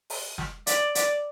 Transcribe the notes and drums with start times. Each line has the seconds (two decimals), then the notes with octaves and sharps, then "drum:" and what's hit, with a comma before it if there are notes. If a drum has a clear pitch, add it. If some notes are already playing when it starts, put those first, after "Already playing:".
0.10 drum: open hi-hat
0.38 drum: snare
0.67 D5, drum: hi-hat
0.95 D5, drum: hi-hat